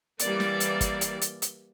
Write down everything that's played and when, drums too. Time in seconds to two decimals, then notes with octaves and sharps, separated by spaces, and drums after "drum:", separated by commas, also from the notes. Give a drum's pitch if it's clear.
0.19 E3 G3 A#3 D5, drum: hi-hat
0.40 drum: snare
0.60 drum: hi-hat
0.81 drum: kick, hi-hat
1.01 drum: hi-hat
1.21 drum: hi-hat
1.42 drum: hi-hat